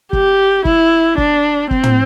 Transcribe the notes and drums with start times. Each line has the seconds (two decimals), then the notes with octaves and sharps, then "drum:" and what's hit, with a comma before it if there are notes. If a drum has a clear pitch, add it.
0.13 G4, drum: kick
0.65 E4, drum: kick
1.18 D4, drum: kick
1.71 C4, drum: kick
1.83 drum: tom